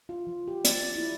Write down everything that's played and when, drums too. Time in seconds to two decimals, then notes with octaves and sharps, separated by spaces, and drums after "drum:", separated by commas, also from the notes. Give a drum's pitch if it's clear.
0.09 F4
0.27 F3
0.48 G4
0.65 D5, drum: hi-hat
0.96 E4